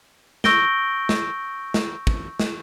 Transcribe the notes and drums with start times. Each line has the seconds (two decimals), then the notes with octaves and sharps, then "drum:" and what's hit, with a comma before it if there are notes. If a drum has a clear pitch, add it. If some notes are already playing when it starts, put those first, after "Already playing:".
0.44 C#6 E6 G6 A#6 D7 G7, drum: snare
1.09 drum: snare
1.74 drum: snare
2.07 drum: kick
2.40 drum: snare